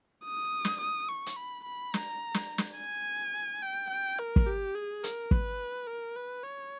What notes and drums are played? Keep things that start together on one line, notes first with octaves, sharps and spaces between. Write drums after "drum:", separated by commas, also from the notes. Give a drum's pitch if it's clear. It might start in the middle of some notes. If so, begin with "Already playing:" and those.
D#6
drum: snare
D#6
C#6
drum: hi-hat
B5
B5
A#5, drum: snare
drum: snare
drum: snare
G#5
G5
G5
A#4
drum: kick
G4
G#4
A#4, drum: hi-hat
B4, drum: kick
A#4
B4
C#5